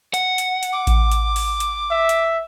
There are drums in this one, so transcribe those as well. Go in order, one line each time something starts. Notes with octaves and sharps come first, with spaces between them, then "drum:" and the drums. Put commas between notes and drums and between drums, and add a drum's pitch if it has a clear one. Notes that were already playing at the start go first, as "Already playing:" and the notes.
F#5, drum: hi-hat
drum: hi-hat
drum: hi-hat
D6
drum: kick A1, hi-hat
drum: hi-hat
drum: open hi-hat
drum: hi-hat
E5
drum: hi-hat